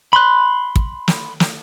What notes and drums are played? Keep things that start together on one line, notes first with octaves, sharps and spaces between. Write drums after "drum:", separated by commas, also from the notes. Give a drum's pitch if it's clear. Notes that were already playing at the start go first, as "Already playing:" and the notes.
B5 C6 F#6
drum: kick
drum: snare
drum: snare